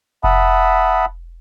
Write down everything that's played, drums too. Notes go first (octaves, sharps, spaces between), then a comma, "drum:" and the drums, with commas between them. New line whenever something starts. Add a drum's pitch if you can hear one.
E5 F#5 A5 B5 D#6, drum: kick F1